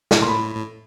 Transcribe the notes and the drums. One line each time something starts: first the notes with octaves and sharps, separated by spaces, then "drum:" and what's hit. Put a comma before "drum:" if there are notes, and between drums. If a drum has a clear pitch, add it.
A2, drum: snare
A#2 C6
A2 B5
A2